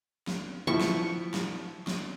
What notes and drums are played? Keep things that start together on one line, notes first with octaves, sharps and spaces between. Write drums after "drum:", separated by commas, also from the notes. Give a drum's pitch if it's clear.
drum: snare
F3 E4 C#6
drum: snare
drum: snare
drum: snare